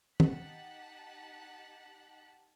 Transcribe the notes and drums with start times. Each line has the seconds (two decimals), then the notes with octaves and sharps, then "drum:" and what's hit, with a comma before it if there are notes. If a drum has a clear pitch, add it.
0.20 D#4 G4 F#5 A5 F#6 B6, drum: tom D#3